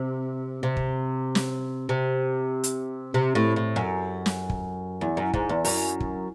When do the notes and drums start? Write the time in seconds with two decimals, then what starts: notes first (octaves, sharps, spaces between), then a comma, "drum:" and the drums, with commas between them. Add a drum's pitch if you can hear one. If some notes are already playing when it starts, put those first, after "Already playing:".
Already playing: C3
0.63 C3
0.77 drum: kick
1.35 drum: snare
1.89 C3
2.64 drum: hi-hat
3.14 C3
3.35 A2
3.56 A2
3.76 F#2
4.26 drum: snare
4.50 drum: kick
5.01 E2
5.17 F#2
5.34 G#2, drum: kick
5.49 E2
5.65 F#2, drum: open hi-hat
6.00 drum: kick